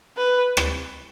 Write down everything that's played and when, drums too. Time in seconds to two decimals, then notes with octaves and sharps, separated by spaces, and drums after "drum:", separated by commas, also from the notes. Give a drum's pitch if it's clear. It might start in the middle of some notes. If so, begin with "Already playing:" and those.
0.17 B4
0.57 drum: rim click